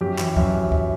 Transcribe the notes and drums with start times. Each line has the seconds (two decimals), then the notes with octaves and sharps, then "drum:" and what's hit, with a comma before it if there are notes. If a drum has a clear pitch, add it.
0.01 F#2 G4
0.19 E3, drum: clap
0.37 F#2 E5, drum: kick C#2
0.72 drum: kick C#2